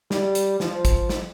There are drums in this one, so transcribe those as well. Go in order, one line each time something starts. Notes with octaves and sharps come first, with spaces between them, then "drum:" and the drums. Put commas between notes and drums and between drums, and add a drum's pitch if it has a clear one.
G3, drum: snare
drum: hi-hat
F3, drum: snare
drum: kick, hi-hat
drum: snare